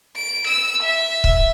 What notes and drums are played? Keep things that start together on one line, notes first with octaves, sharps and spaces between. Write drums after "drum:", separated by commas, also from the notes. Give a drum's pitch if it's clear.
D7
E6
E5
drum: kick C#1